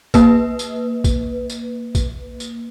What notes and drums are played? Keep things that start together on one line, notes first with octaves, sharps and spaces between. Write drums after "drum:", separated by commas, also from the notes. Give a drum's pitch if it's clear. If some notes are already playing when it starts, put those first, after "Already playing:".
A#3 B4, drum: kick A#1, tambourine
drum: tambourine
drum: kick A#1, tambourine
drum: tambourine
drum: kick A#1, tambourine
drum: tambourine